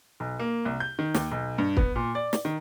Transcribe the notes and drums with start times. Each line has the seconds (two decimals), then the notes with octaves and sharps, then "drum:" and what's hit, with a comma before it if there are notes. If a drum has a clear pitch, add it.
0.20 B1
0.39 A#3
0.65 C2
0.80 G6
0.99 D#3
1.14 D#2, drum: snare
1.31 B1
1.58 G2
1.77 B3, drum: kick
1.96 A#2
2.15 D5
2.33 drum: snare
2.45 D#3